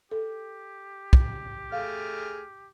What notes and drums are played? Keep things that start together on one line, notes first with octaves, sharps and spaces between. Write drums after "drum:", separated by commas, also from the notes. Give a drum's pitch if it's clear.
G4 A4
drum: kick
A3 G#4 F5 F6